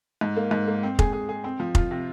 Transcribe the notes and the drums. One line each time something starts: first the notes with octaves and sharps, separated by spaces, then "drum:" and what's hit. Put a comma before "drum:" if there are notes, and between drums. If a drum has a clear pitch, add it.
G#2
A#3
G#2
A#3
C4
G#4, drum: kick F1
G#4
G#4
C4
F3
F4, drum: kick F1
C3